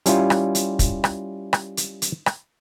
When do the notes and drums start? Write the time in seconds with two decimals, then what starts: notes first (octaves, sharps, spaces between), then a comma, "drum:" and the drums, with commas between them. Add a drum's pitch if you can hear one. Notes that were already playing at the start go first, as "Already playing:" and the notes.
0.06 G3 C#4 E4 F4, drum: hi-hat
0.30 drum: rim click
0.55 drum: hi-hat
0.79 drum: kick, hi-hat
1.04 drum: rim click
1.53 drum: rim click
1.77 drum: hi-hat
2.02 drum: hi-hat
2.26 drum: rim click